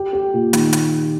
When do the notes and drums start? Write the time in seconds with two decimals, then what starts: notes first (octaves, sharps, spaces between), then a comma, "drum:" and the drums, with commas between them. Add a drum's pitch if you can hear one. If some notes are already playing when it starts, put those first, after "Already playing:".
Already playing: G4
0.13 G4
0.34 A#2
0.53 D#3, drum: hi-hat
0.73 drum: hi-hat